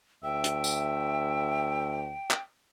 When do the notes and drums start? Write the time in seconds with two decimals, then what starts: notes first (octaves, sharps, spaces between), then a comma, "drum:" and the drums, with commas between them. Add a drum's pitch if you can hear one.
0.24 D2 E5 G5
0.44 drum: hi-hat
0.64 drum: tambourine
2.31 drum: clap